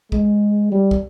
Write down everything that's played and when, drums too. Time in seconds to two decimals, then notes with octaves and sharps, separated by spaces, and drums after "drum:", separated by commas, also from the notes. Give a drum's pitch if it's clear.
0.12 G#3, drum: kick
0.72 G3
0.91 drum: kick